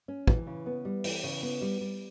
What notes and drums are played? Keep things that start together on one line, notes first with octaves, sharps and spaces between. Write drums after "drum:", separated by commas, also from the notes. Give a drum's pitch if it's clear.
C#4
E3, drum: kick
C#3
B3
G3
E3, drum: open hi-hat
C#3
B3
G3
G3